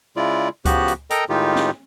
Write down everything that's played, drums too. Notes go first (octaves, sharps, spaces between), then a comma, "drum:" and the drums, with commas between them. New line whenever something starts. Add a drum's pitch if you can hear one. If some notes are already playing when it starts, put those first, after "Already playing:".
C#3 G#3 E4 F4 D5
C#3 F3 B3 F#4 G4 F#6, drum: kick C#2, hi-hat
drum: hi-hat
A4 A#4 D#5 G5 A#5, drum: hi-hat
A2 D#3 G#3 D#4 F4 G4
drum: snare